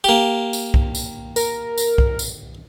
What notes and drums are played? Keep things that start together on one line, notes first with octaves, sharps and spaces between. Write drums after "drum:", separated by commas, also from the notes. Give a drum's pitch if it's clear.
A#3 G4
drum: tambourine
drum: kick
drum: tambourine
A#4, drum: tambourine
drum: tambourine
drum: kick
drum: tambourine